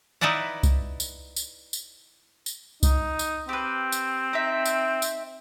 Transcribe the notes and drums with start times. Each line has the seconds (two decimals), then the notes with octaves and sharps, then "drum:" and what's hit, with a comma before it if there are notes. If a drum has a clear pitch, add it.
0.21 D#4 E4 B4 D5 F#5
0.63 drum: kick C2, tambourine
1.00 drum: tambourine
1.36 drum: tambourine
1.73 drum: tambourine
2.46 drum: tambourine
2.83 D#4, drum: kick C2, tambourine
3.19 drum: tambourine
3.49 C4 G4 B4
3.92 drum: tambourine
4.33 D#4 E5
4.66 drum: tambourine
5.02 drum: tambourine